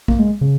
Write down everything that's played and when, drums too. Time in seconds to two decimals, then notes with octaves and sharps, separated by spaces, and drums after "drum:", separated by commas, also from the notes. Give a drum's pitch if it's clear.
0.08 A#3, drum: kick
0.19 G#3
0.41 C#3